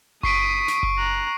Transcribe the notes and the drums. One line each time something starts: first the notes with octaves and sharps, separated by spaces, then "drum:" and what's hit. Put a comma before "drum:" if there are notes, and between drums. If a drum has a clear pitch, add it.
C#6 D#6 B6 C7 D7, drum: kick F#1
drum: snare
drum: kick F#1
A#5 F#6